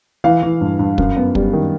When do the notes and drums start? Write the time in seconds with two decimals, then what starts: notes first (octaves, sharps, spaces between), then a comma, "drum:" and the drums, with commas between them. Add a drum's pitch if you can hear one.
0.24 E3 F5
0.43 E3
0.61 G2
0.79 G2
0.98 F#2, drum: kick
1.16 B3
1.35 G3, drum: kick
1.53 D#3